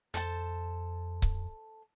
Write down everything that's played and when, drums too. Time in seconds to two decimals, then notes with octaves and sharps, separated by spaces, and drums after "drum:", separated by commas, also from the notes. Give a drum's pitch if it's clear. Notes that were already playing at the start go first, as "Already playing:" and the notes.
0.14 F2 A4 C5 A5, drum: hi-hat
1.22 drum: kick C#1